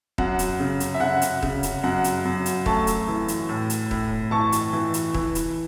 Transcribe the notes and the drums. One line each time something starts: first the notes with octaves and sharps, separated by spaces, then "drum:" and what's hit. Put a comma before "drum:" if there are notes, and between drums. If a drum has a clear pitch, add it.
F#2 F#5, drum: kick D#1
drum: hi-hat
C#3
drum: hi-hat
E5
C#3 F#5
drum: hi-hat
C#3, drum: kick D#1
drum: hi-hat
F#2 F#5
drum: hi-hat
F#2
drum: hi-hat
A3 A5 C#6, drum: kick D#1
drum: hi-hat
E3
drum: hi-hat
A2
drum: hi-hat
A2, drum: kick D#1
E3 A5 C#6
drum: hi-hat
E3
drum: hi-hat
E3, drum: kick D#1
drum: hi-hat